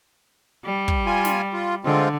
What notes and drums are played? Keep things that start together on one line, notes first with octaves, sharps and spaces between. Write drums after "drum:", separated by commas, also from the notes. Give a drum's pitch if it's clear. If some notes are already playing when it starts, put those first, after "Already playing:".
G3
drum: kick
F4 G#5
drum: snare
F4
D3 G#3 C4 F4